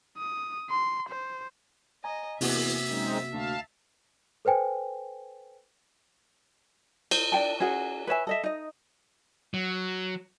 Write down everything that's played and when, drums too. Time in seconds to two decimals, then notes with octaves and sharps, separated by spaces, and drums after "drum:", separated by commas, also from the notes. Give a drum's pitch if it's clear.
0.18 D#6
0.70 C6
1.09 C5
2.04 D#5 G#5 A#5
2.41 E2 C3 A#3 F#4 E5, drum: open hi-hat
2.90 F#2 G#3 C4 D#4
3.33 D2 F5 A5
4.45 A4 B4 C5 G5 G#5
7.11 C5, drum: cymbal
7.32 D4 G5 A5
7.60 C#4 F#4 G#4 F#5
8.07 B4 C#5 E5 G#5
8.27 A4 D#5 E5
8.44 D#4 D#5
9.54 F#3